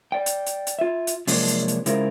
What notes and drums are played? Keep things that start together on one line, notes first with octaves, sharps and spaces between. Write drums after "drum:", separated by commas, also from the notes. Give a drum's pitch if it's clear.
D5 G5
drum: hi-hat
drum: hi-hat
drum: hi-hat
F4 E5
drum: hi-hat
C3 F3 F#3 G#3 A#3 D4, drum: open hi-hat
drum: hi-hat
drum: hi-hat
C#3 G#3 C4 E4 F4 A#4, drum: hi-hat